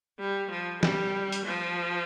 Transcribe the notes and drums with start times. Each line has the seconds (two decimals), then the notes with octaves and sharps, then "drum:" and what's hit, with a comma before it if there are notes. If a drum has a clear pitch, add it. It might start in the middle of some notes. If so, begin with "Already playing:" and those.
0.19 G3
0.51 F3
0.83 G3, drum: snare
1.32 drum: hi-hat
1.46 F3